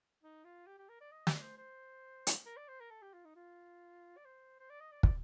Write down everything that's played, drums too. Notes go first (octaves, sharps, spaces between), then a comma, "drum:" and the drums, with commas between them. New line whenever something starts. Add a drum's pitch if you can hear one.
D#4
F4
G4
G4
A#4
D5
D#5
D5, drum: snare
C5
C5
drum: hi-hat
A#4
D5
C5
A#4
A4
G4
F4
D#4
F4
D5
C5
C5
D5
D#5
D5
D5, drum: kick